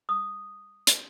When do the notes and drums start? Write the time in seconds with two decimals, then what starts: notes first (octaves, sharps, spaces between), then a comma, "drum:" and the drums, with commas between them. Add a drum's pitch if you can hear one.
0.09 D#6
0.87 drum: hi-hat